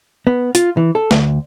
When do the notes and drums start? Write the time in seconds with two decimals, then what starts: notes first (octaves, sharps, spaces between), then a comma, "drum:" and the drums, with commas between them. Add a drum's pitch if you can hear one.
0.27 B3
0.55 F4, drum: hi-hat
0.77 E3
0.95 A4
1.11 D2, drum: snare